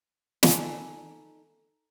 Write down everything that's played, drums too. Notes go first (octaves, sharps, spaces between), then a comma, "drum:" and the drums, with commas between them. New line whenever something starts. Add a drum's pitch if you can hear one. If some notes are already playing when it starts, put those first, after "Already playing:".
D#4 A4 G#5, drum: snare